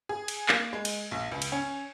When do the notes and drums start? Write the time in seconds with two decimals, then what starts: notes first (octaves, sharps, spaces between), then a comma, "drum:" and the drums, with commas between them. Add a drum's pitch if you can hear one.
0.09 G#4
0.28 drum: cymbal
0.49 A#3, drum: clap
0.73 G#3
0.85 drum: cymbal
1.11 A#1
1.32 C#2
1.42 drum: cymbal
1.52 C#4